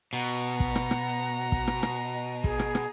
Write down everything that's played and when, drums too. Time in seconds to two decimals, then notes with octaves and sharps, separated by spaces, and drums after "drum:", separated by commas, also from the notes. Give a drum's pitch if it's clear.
0.13 B2 F#5 A#5
0.60 drum: kick
0.75 drum: rim click
0.91 drum: rim click
1.52 drum: kick
1.67 drum: rim click
1.83 drum: rim click
2.44 G#4, drum: kick
2.59 drum: rim click
2.75 drum: rim click